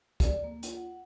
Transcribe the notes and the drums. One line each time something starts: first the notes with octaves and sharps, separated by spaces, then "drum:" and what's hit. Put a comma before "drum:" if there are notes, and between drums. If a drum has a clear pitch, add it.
D5, drum: kick, hi-hat
A#3
F4, drum: hi-hat
F#5